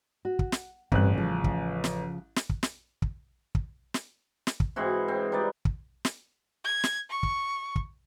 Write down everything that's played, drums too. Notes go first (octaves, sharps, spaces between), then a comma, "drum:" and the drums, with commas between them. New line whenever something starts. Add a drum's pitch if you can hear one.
F#4
drum: kick
drum: snare
A1 G2 C4 F#6, drum: kick
C#3 F3
drum: kick
drum: snare
drum: snare
drum: kick
drum: snare
drum: kick
drum: kick
drum: snare
drum: snare
drum: kick
G#2 E3 C4 F#4
C4
G3 D#4 B4 D5
drum: kick
drum: snare
G#6
drum: snare
C#6
drum: kick
drum: kick